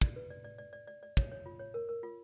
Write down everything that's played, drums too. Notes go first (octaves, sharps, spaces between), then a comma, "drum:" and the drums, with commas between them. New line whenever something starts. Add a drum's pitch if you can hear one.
D5, drum: kick
B4
D5
D5
D5
D5
D5
D5
C#5, drum: kick
C#5
F4
C#5
A#4
A#4
F4